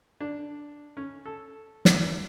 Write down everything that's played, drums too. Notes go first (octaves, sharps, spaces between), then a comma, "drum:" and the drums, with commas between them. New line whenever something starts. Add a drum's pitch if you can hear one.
D4
C#4
A4
drum: snare
E2